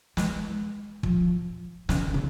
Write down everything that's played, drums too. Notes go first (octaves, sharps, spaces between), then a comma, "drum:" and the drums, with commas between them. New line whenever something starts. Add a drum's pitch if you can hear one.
G#3, drum: snare
F3, drum: kick
C#3, drum: snare
D#3
C#3